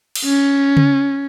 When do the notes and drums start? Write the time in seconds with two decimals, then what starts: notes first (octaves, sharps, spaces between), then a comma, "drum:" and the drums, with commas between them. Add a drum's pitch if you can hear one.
0.15 drum: cymbal
0.25 C#4
0.77 drum: tom C#3